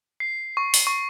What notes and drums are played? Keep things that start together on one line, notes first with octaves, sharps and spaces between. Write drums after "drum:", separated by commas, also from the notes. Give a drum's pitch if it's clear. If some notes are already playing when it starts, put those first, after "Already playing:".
C7
C#6
drum: open hi-hat
C#6